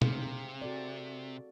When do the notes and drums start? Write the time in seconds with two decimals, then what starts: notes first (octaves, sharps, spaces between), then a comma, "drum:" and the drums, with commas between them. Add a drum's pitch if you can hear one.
0.02 C3 C4 G#4 F5, drum: tom
0.62 F#4 A4 D5